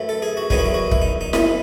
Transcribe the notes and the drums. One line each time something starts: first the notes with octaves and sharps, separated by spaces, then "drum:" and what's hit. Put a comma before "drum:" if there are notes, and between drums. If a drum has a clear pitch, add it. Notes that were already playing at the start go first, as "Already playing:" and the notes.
Already playing: F#2 E3 A3
A4
G#4
F#4
E2 D#3 F#3 B3 D#4 G#4, drum: kick
F#4
E4
F#4
E4, drum: kick
D#4
D#4
F#2 E3 B3 D#4, drum: snare E4